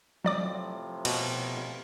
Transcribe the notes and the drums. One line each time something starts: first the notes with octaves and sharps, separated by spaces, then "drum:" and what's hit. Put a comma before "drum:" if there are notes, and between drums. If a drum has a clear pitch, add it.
A2 C3 F3 F#3 D5 D6
B2, drum: cymbal